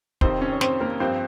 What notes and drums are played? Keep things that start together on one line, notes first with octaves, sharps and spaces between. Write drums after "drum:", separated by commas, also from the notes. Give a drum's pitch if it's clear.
F2 C3 D#3 C4 C5, drum: kick
C#4 C#5
C#5
C4 C5, drum: snare
A#3 A#4
G2 F3 C4 C5